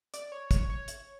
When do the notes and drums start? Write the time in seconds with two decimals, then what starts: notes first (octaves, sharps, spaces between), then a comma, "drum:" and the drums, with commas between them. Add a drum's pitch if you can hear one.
0.14 D5, drum: hi-hat
0.32 C#5
0.51 C#5, drum: kick, hi-hat
0.70 C#5
0.88 drum: hi-hat